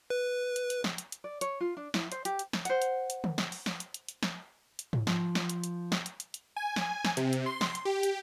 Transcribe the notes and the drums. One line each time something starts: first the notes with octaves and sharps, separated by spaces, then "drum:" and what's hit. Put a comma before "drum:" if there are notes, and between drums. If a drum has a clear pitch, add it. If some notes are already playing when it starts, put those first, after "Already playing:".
B4
drum: hi-hat
drum: hi-hat
drum: snare
drum: hi-hat
drum: hi-hat
D5
C#5, drum: hi-hat
F4
D4
E4, drum: snare
C5, drum: hi-hat
G4, drum: hi-hat
drum: hi-hat
drum: snare
C5 F#5, drum: hi-hat
drum: hi-hat
drum: hi-hat
drum: tom D3
drum: snare
drum: open hi-hat
drum: snare
drum: hi-hat
drum: hi-hat
drum: hi-hat
drum: snare
drum: hi-hat
drum: tom G#2
F3, drum: snare
drum: snare
drum: hi-hat
drum: hi-hat
drum: snare
drum: hi-hat
drum: hi-hat
drum: hi-hat
G#5
drum: snare
drum: snare
C3, drum: hi-hat
drum: hi-hat
C6
drum: snare
drum: hi-hat
G4
drum: hi-hat